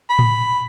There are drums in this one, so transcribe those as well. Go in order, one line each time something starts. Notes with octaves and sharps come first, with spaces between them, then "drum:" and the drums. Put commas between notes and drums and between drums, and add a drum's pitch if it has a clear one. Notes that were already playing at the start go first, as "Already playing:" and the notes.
B5
drum: tom A2